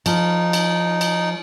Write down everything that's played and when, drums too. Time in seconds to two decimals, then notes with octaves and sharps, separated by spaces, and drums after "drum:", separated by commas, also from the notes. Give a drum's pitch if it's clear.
0.06 F3 D#4, drum: cymbal
0.53 drum: cymbal
1.01 drum: cymbal